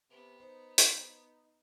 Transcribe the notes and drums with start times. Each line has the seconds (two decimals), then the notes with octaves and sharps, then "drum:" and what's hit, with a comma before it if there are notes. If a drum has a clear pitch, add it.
0.11 C3 B3
0.40 D#4 C5
0.78 drum: hi-hat